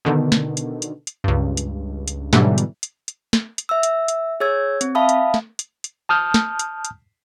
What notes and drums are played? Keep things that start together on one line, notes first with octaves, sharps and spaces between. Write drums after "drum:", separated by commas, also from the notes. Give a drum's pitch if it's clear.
B2 D3 D#3
drum: snare
drum: hi-hat
drum: hi-hat
drum: hi-hat
C#2 G2
drum: hi-hat
drum: hi-hat
G#2 B2 D3 E3 F#3 G3, drum: snare
drum: hi-hat
drum: hi-hat
drum: hi-hat
drum: snare
drum: hi-hat
E5 E6
drum: hi-hat
drum: hi-hat
G#4 C#5 E6 G#6
C4, drum: hi-hat
E5 F5 A5 B5 D#6
drum: hi-hat
drum: snare
drum: hi-hat
drum: hi-hat
A5 D#6 F6 G6
drum: snare
drum: hi-hat
drum: hi-hat